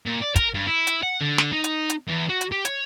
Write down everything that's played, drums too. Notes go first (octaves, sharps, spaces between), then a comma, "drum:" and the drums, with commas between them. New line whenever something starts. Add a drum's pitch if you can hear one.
A#2
D5
A#4, drum: kick, hi-hat
G2
E4
drum: hi-hat
F#5
D3
drum: snare
D#4
drum: hi-hat
drum: hi-hat
E2
F#4
drum: hi-hat
G4
C#5, drum: hi-hat